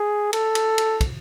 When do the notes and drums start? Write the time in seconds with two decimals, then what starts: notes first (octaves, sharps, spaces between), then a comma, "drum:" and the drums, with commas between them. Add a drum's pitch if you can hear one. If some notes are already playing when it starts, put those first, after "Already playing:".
Already playing: G#4
0.33 A4, drum: cymbal
0.55 drum: cymbal
0.78 drum: cymbal
1.01 drum: kick, cymbal